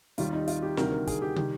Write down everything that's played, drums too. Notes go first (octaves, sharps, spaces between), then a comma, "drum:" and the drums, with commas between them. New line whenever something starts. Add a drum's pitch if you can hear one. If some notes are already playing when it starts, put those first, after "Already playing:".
D#2 D#3 G3 F4, drum: hi-hat
D#4
F4, drum: hi-hat
G4
D2 C3 D#3 G3 A#4, drum: snare
A#4
G#4, drum: kick, hi-hat
G4
D#3 G3, drum: tom